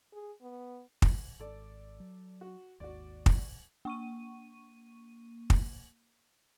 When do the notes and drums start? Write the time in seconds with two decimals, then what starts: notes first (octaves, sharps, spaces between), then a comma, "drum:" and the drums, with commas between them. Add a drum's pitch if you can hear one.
0.13 G#4
0.42 B3
1.02 drum: kick
1.39 G#1 A4 D5
2.00 F#3
2.41 F#4
2.80 G#1 D#2 F#4 D5
3.26 drum: kick
3.85 A#3 C#6 D#7
5.50 drum: kick